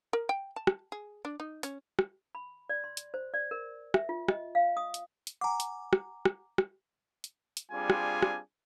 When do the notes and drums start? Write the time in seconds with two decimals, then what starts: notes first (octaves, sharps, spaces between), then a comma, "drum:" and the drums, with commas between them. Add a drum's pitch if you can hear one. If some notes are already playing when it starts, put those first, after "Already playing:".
0.13 A#4
0.29 G5
0.56 A5
0.67 drum: rim click
0.92 G#4
1.25 D4
1.40 D#4
1.63 C#4, drum: hi-hat
1.99 drum: rim click
2.35 B5
2.69 D5
2.84 C6
2.97 drum: hi-hat
3.14 C5
3.34 D5
3.51 A#4
3.94 E5, drum: rim click
4.09 F4
4.28 D#5, drum: rim click
4.55 F5
4.77 D#6
4.94 drum: hi-hat
5.27 drum: hi-hat
5.41 F#5 G#5 A#5 D6
5.60 drum: hi-hat
5.93 drum: rim click
6.25 drum: rim click
6.58 drum: rim click
7.24 drum: hi-hat
7.57 drum: hi-hat
7.72 G3 C4 D4 F4 G#4 G#5
7.90 drum: rim click
8.22 drum: rim click